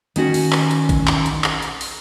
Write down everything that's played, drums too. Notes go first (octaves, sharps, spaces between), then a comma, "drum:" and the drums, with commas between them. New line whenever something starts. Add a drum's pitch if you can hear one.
D#3 C#4 F#4 G#5, drum: hi-hat
drum: open hi-hat
drum: clap
drum: hi-hat
drum: kick A1, hi-hat
drum: clap
drum: hi-hat
drum: clap
drum: hi-hat
drum: open hi-hat